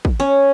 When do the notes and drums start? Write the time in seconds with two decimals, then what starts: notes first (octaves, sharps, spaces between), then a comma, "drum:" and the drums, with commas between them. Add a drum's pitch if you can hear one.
0.05 drum: kick
0.20 C#4